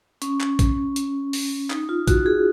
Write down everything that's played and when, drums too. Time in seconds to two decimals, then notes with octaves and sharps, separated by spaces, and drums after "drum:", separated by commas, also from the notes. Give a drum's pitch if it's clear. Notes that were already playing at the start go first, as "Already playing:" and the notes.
0.22 C#4, drum: hi-hat
0.40 drum: clap
0.59 drum: kick A#1, hi-hat
0.96 drum: hi-hat
1.33 drum: open hi-hat
1.70 D#4, drum: clap
1.89 F4
2.07 F#4, drum: kick A#1, hi-hat
2.26 G#4